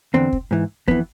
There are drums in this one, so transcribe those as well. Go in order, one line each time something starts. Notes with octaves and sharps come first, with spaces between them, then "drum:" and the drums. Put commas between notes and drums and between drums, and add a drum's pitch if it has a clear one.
E2 D3 C4
drum: kick
G#2 E3
F2 E3 B3, drum: kick